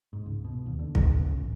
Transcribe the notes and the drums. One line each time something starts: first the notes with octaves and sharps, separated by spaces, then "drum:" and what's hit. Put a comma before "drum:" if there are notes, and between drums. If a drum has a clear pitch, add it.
G#2
C#2
B2
D#2
D3
A#1, drum: kick
C#3
A1